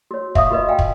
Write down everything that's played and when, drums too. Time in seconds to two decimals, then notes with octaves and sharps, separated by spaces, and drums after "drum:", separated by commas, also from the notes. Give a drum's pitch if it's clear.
0.11 F#4 C#5
0.35 E5 F5 C#6 D#6, drum: kick
0.50 F4 F#4 B4 D#5
0.69 F5 G5 G#5
0.79 drum: kick